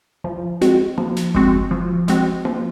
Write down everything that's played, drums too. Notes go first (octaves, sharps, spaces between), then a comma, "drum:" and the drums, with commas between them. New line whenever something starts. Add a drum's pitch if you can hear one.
F3
G#3 C4 F#4, drum: snare
F3, drum: tom A#3
drum: snare
G#3 C4 F#4, drum: kick F#1
F3
G#3 C4 F#4, drum: snare
F3, drum: tom A#3